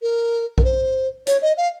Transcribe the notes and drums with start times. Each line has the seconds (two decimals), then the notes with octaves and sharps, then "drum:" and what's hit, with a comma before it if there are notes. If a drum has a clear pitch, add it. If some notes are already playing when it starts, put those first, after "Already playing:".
0.02 A#4
0.58 A#4, drum: kick B1
0.64 C5
1.27 C#5, drum: hi-hat
1.42 D#5
1.57 F5